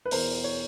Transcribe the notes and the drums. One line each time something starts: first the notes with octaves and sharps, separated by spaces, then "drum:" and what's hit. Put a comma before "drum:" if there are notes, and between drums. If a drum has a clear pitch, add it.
B4
E2 B2 A#4 C5, drum: open hi-hat
C#5